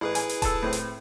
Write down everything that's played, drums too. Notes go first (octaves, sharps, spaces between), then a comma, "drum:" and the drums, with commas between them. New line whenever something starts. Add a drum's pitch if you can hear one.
A1 E4 G#4 B4
G#5, drum: hi-hat
drum: hi-hat
A4 A5, drum: kick D#1, hi-hat
A2 C4
drum: hi-hat